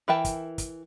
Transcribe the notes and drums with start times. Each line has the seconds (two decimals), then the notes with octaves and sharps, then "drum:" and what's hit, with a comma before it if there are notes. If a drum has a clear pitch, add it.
0.08 E3 A#4 E5 G5 A5
0.25 drum: kick, hi-hat
0.58 drum: kick, hi-hat